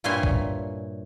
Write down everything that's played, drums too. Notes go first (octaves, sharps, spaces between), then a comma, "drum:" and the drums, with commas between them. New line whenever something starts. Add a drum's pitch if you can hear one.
G2 A#2 E4 C#5 G#5 C6
drum: kick A#1